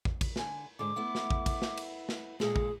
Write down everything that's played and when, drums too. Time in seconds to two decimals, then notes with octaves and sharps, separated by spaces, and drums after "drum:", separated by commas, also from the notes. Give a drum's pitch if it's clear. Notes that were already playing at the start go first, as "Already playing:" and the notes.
0.05 drum: kick
0.21 drum: kick, cymbal
0.36 D3 G#5, drum: snare
0.79 G#2 D3 D6
0.96 A3 B3 E4
1.15 drum: snare
1.30 drum: kick
1.46 drum: kick, cymbal
1.62 drum: snare
1.77 drum: cymbal
2.09 drum: snare
2.40 A#2 G#3 G#4 A4, drum: snare
2.56 drum: kick